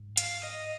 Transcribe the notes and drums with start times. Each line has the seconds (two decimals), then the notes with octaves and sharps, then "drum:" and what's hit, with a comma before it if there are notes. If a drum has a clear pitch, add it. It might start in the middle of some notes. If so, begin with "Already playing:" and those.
Already playing: G#2
0.17 F5, drum: hi-hat
0.43 D#5